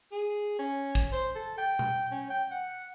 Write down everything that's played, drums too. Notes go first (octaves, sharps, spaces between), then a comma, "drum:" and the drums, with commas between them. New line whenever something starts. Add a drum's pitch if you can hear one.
G#4
C#4
drum: kick
C5
A4
G5
drum: tom B2
C#4
G5
F#5